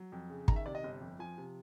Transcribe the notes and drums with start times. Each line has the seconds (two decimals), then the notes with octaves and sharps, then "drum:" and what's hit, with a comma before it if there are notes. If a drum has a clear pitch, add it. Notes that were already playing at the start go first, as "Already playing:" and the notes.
Already playing: F#3
0.12 F2
0.30 C#3
0.48 D#3 A#5, drum: kick
0.56 E5
0.66 C3 D5
0.75 D#5
0.84 G1
1.01 F2
1.19 F3 G#5
1.38 C3